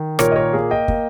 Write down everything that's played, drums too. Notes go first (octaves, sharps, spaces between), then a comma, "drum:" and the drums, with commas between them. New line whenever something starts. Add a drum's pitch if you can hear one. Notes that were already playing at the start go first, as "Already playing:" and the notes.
Already playing: D#3
A#2 A#4 C#5, drum: rim click
D#5
A#4 C#5
A#3 G#4
D#5 G5
A#3, drum: kick